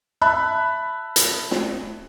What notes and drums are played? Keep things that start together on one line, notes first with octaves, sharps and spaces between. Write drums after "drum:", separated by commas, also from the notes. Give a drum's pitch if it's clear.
E5 A5 B5 F#6
drum: hi-hat
drum: snare